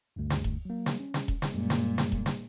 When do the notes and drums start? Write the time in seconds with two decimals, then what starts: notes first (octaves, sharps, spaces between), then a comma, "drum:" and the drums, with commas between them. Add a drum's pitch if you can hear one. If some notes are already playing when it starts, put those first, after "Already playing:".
0.16 D2 G2
0.30 drum: snare
0.44 drum: kick E1
0.65 F#3 A#3
0.86 drum: snare
1.00 C#4
1.14 drum: snare
1.28 drum: kick E1
1.42 drum: snare
1.54 F#2 A#2 G3 G#3
1.70 drum: snare
1.98 drum: snare
2.12 drum: kick E1
2.26 drum: snare